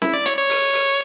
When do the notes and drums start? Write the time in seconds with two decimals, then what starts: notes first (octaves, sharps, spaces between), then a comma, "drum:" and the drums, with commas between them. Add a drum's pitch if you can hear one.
0.02 E4, drum: snare
0.14 D5
0.26 C#5, drum: hi-hat
0.37 C#5
0.49 drum: open hi-hat
0.73 drum: open hi-hat